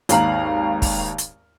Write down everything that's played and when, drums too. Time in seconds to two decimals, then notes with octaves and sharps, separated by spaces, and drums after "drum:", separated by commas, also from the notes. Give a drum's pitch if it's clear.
0.09 G#1 D#2 F5 A#5 F#7, drum: hi-hat
0.82 drum: kick, open hi-hat
1.18 drum: hi-hat